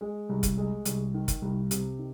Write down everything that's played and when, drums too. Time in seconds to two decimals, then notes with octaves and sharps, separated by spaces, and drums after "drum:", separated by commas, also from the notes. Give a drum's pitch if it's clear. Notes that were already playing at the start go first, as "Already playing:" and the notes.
0.01 G#3
0.29 C2
0.43 drum: kick, hi-hat
0.58 G#3
0.85 C2, drum: hi-hat
1.14 D#3
1.28 drum: kick, hi-hat
1.42 C2
1.71 C3, drum: hi-hat
1.99 D#3